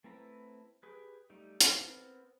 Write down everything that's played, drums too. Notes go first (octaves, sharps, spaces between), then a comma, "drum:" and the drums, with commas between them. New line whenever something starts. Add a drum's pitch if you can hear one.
A3 C4 E4 B4 A#5
G4 G#4 B4
G3 A3 D#4
B3 C4 A#4, drum: hi-hat